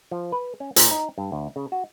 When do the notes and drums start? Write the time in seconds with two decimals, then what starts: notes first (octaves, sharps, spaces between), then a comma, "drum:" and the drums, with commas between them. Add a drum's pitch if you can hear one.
0.11 F3
0.32 B4
0.60 C#4
0.76 A#2, drum: hi-hat
0.91 D#4
1.18 G2
1.32 D2
1.56 C#3
1.72 F#4